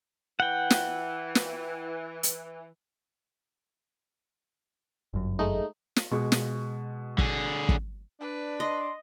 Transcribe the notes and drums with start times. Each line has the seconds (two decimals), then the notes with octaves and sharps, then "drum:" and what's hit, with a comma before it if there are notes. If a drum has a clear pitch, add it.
0.40 E3 F#5 G5
0.70 drum: snare
1.35 drum: snare
2.23 drum: hi-hat
5.14 G1 F#2
5.39 G#3 A3 D#4
5.96 drum: snare
6.11 B2 G#3 C#6
6.32 drum: snare
7.18 D3 G#4, drum: kick
7.69 drum: kick
8.20 D4 B4
8.60 D#5 C6